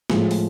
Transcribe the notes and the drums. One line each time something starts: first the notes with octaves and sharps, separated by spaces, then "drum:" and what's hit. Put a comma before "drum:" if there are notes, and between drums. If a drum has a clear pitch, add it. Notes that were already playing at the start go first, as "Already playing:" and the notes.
A2 F3 G#3, drum: snare
drum: open hi-hat